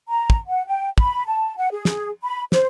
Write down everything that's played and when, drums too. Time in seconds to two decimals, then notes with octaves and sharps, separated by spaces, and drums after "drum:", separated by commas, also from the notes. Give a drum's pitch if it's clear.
0.08 A#5
0.30 drum: kick
0.47 F#5
0.67 G5
0.98 B5, drum: kick
1.26 A5
1.57 F#5
1.71 G#4
1.85 drum: snare
2.23 B5
2.52 C5, drum: snare